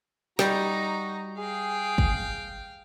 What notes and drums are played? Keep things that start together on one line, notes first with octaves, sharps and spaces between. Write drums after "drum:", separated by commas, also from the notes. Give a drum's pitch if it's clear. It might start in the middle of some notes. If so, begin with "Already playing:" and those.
G3 D#4 F#4 A#5, drum: snare
G#4 F5 G5
drum: kick